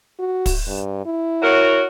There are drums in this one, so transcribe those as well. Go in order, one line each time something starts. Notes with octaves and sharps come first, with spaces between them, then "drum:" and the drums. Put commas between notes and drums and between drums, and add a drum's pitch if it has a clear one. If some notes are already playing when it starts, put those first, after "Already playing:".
F#4
drum: kick, open hi-hat
G2
E4
F#4 A#4 C#5